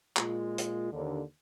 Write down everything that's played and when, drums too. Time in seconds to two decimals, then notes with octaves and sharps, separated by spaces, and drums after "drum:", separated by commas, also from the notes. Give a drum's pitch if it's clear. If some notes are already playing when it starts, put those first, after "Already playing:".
0.17 A#2 G#3 F4, drum: clap
0.58 drum: hi-hat
0.92 D#2 D3